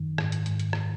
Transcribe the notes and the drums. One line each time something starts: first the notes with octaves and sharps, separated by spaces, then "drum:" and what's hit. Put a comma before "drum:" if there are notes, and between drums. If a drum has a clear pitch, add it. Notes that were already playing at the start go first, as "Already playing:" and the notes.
Already playing: F#2 D#3
G#2, drum: rim click
drum: hi-hat
G#2, drum: hi-hat
drum: hi-hat
drum: rim click